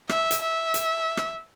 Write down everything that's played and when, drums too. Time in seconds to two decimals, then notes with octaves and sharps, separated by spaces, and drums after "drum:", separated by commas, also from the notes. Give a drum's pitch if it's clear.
0.09 E5, drum: rim click
0.31 drum: hi-hat
0.42 E5
0.74 drum: hi-hat
1.17 drum: rim click